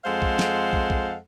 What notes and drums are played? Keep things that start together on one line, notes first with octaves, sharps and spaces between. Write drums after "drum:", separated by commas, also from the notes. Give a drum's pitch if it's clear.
F2 G#3 A4 C5 F5 F#5
drum: kick
drum: snare
drum: kick
drum: kick